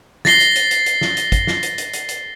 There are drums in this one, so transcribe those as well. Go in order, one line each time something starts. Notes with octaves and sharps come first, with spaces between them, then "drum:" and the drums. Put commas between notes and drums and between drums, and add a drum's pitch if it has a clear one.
A6 A#6 C7 G7, drum: snare
drum: hi-hat
drum: hi-hat
drum: hi-hat
drum: hi-hat
drum: snare
drum: hi-hat
drum: kick, hi-hat
drum: snare
drum: hi-hat
drum: hi-hat
drum: hi-hat
drum: hi-hat